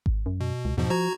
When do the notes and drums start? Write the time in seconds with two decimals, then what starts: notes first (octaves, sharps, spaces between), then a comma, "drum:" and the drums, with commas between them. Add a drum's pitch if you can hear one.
0.06 drum: kick G#1
0.26 F#2
0.41 B2
0.65 C#2
0.78 E2 G#2 B2 F3
0.90 F3 F#4 A#5 G#6